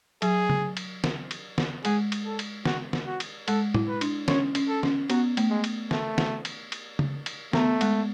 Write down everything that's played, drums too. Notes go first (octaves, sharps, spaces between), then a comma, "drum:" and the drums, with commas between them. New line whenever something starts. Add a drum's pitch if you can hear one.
F#3 G#4, drum: cymbal
drum: tom C#3
drum: cymbal
drum: snare
drum: cymbal
drum: snare
G#3 G#4, drum: cymbal
drum: cymbal
A4
drum: cymbal
F#4, drum: snare
drum: snare
F#4
drum: cymbal
G#3 A4, drum: cymbal
E4, drum: tom
B4
D4, drum: cymbal
C#4 C#5, drum: snare
C#4, drum: cymbal
A4
C#4, drum: snare
B3 F#4, drum: cymbal
A3, drum: cymbal
G#3
drum: cymbal
A3, drum: snare
drum: snare
drum: cymbal
drum: cymbal
drum: tom C#3
drum: cymbal
A3 B3, drum: snare
G#3, drum: cymbal